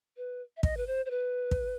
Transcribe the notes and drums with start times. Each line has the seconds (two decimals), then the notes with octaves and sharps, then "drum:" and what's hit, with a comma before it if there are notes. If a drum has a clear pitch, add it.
0.17 B4
0.57 E5
0.63 D#5, drum: kick
0.77 B4
0.87 C5
1.06 C5
1.10 B4
1.51 drum: kick